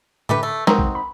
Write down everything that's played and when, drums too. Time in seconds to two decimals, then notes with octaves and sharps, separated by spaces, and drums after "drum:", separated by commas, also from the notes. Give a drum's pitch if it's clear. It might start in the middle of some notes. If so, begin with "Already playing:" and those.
0.29 A2 D3 A3 G4 B4
0.43 A3
0.67 G#3 C4 D#4 F#4 A#4, drum: snare
0.79 drum: kick A#1
0.95 B5